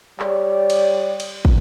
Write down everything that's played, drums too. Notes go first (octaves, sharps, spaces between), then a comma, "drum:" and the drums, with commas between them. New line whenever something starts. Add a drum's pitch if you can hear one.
G3 G4 C#5 D5, drum: clap
drum: cymbal
drum: cymbal
drum: kick